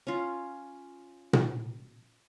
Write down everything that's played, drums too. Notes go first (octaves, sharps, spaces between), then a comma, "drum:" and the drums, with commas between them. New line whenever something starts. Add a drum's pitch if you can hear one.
C#4 F4
drum: tom A#2